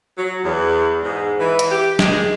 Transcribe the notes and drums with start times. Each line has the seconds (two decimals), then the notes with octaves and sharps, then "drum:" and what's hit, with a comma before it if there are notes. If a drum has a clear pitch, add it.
0.18 F#3
0.44 E2
1.03 G#2
1.39 E3
1.59 drum: hi-hat
1.71 G4
1.99 G#3, drum: snare